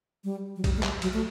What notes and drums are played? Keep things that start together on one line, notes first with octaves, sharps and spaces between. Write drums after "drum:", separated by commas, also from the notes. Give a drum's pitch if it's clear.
G3
F#3
G3, drum: kick A#1, cymbal
A3
G3, drum: clap
F#3, drum: cymbal
A3